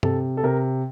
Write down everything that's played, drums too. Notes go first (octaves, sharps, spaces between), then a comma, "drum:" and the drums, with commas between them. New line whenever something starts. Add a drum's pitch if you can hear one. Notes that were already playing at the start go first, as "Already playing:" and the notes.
C3 A4, drum: tom G2
A4
C3 A#4